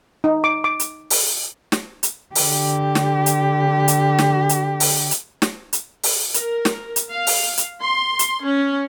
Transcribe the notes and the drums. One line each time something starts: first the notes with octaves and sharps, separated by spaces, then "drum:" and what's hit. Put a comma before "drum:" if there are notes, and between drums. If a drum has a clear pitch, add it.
D#4
D6
D6
drum: hi-hat
drum: open hi-hat
drum: snare
drum: hi-hat
D3 G4, drum: open hi-hat
drum: snare
drum: hi-hat
drum: hi-hat
drum: snare
drum: hi-hat
drum: open hi-hat
drum: hi-hat
drum: snare
drum: hi-hat
drum: open hi-hat
A#4, drum: hi-hat
drum: snare
drum: hi-hat
F5
drum: open hi-hat
drum: hi-hat
C6
drum: hi-hat
C#4